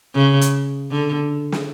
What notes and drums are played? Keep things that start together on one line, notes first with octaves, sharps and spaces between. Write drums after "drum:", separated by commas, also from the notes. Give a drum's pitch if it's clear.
C#3
drum: hi-hat
D3
drum: snare